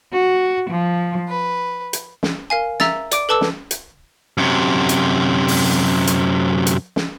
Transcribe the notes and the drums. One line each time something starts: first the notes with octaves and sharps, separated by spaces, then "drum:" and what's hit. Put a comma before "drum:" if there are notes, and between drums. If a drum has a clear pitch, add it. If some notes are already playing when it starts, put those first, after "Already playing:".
F#4
F3
B4
drum: hi-hat
drum: snare
A#4 F5 G#5
E5 A#5 E6 A6, drum: snare
D5 D6 D7, drum: hi-hat
A4 B4 A5 D6 E6
drum: snare
drum: hi-hat
F#2 C3
drum: hi-hat
drum: open hi-hat
drum: hi-hat
drum: hi-hat
drum: snare